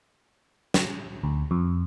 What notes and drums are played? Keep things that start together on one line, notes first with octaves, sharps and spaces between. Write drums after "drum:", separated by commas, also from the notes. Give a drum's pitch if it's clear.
drum: snare
D2
F2